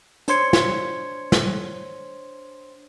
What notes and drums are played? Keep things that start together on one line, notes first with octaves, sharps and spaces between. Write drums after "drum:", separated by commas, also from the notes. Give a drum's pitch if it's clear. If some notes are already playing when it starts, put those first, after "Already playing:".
D4 C5 C#5 C6 G#6 C#7, drum: hi-hat
drum: snare
drum: snare